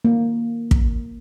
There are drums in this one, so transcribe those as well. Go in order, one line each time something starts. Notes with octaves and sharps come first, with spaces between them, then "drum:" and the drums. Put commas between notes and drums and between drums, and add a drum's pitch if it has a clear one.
A#3
drum: kick